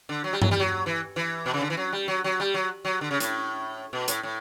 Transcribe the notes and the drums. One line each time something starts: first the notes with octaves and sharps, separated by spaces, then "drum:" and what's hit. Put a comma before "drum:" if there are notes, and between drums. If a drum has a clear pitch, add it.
D3
F#3
G3
F#3, drum: tom G2
G3
F#3
E3
E3
B2
C#3
D3
E3
F#3
G3
F#3
F#3
G3
F#3
F#3
D3
C#3
A2, drum: hi-hat
B2
A2, drum: hi-hat
A2